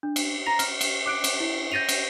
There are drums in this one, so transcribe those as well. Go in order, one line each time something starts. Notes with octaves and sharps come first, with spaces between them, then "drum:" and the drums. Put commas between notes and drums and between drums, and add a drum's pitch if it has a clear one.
D4
drum: cymbal
A#5 A#6 F7
F6, drum: cymbal
drum: cymbal
D6 F#6 D7
drum: cymbal
E4
G6 A6 A#6 D#7 F7
drum: cymbal